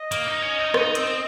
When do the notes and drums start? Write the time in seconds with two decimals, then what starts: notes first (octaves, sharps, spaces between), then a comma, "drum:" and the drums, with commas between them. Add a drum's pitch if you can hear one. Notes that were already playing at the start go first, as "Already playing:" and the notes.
Already playing: D#5
0.12 A#3, drum: hi-hat
0.27 D#4
0.42 C#4
0.58 D#4
0.74 D#4, drum: rim click
0.95 C4, drum: hi-hat